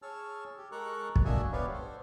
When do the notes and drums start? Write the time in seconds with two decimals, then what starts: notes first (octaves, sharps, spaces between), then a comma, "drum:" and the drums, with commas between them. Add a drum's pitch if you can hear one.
0.02 G#4 C#5 A5 E6 F6
0.57 G4
0.72 G#3 A4 A#4 A#5 C#6 F#6
1.16 drum: kick
1.25 A#3 D4 F#4 D#5 E5 G#5
1.53 B3 G4 B4 C#5 D5 F5
1.73 A4 C5